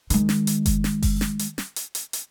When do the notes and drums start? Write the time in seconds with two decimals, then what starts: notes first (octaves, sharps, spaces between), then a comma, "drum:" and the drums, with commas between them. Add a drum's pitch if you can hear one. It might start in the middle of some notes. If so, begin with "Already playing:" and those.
0.10 D#3 G#3, drum: hi-hat
0.29 drum: snare
0.47 drum: hi-hat
0.66 drum: kick F#1, hi-hat
0.84 drum: snare
1.02 drum: kick F#1, open hi-hat
1.21 drum: snare
1.39 drum: hi-hat
1.58 drum: snare
1.76 drum: hi-hat
1.95 drum: hi-hat
2.13 drum: hi-hat